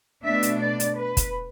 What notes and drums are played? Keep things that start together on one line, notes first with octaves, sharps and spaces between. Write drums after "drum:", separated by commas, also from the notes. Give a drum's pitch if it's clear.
B2 A3 D4 E5
drum: hi-hat
D5
drum: hi-hat
B4
drum: kick, hi-hat